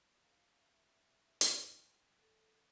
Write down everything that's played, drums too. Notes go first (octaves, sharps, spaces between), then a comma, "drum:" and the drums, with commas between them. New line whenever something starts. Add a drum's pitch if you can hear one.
F5
E5
G5, drum: hi-hat
A4